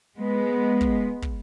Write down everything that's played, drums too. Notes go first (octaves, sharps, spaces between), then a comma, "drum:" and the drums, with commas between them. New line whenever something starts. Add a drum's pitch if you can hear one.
G#3 B3
drum: kick
drum: kick